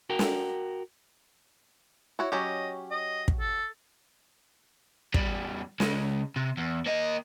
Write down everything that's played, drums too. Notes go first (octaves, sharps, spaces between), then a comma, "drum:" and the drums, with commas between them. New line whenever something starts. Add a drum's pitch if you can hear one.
F#4 A#4 G5
drum: snare
E4 F#4 C#5
F#3 C#4 G4 D#5
D#5
drum: kick
A4
E2 G3, drum: kick
C#3 G#3, drum: snare
C3
E2
A#3 D#5